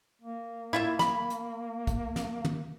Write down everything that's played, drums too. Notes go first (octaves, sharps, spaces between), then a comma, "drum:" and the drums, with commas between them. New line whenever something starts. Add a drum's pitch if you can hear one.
A#3
E4 F4 E5, drum: tom
B5, drum: snare
drum: hi-hat
drum: kick, hi-hat
drum: snare
drum: tom